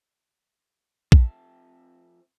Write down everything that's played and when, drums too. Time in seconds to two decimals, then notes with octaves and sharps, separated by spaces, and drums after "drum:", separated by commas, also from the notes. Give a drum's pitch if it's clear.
1.12 F2 C4 D4 E5 A5, drum: kick A#1